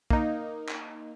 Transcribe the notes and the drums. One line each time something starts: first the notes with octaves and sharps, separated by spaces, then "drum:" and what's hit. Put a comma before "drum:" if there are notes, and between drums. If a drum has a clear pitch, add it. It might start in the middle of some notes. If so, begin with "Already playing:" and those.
A#3 D#4, drum: kick
drum: clap